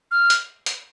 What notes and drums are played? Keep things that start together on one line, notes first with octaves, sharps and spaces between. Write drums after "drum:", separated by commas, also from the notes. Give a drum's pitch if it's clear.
F6
drum: hi-hat
drum: hi-hat